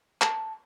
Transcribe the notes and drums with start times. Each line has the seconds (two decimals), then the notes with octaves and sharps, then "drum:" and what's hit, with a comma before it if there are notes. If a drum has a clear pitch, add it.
0.22 A5, drum: clap